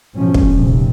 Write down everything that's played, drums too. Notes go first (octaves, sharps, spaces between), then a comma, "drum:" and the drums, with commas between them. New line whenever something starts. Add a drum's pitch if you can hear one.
G#2 B2 F3 C#4
drum: kick
F1 A#1 D#2 C3